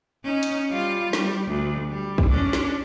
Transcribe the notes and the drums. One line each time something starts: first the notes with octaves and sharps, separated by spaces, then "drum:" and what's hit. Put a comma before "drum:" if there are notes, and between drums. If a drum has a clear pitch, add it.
C#4 D#4
drum: hi-hat
G3 F4
G3, drum: snare
D2
G3
drum: kick
C#4 D4
drum: snare